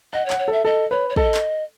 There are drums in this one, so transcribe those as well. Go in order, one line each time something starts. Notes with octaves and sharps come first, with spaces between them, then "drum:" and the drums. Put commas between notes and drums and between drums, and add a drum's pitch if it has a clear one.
D#5 F#5
C#5
F#5, drum: clap
C#5
A4 E5
A4 D#5
B4 C#5
C#5
A4 D#5, drum: kick
drum: clap